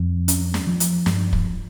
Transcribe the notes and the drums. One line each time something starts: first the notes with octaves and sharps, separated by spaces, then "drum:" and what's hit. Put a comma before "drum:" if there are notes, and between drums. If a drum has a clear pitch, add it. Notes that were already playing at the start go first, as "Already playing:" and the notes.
Already playing: F2
C#4, drum: hi-hat
drum: snare
F3
drum: hi-hat
G2, drum: snare
drum: kick